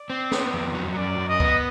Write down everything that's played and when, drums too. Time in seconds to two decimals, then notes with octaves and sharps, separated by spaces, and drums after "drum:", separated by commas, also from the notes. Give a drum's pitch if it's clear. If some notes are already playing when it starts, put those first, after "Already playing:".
Already playing: D5
0.10 C4
0.32 B3, drum: snare
0.53 F2
0.75 F#3
0.96 F#2 D5
1.18 F#2
1.29 D#5
1.40 B3, drum: kick C#2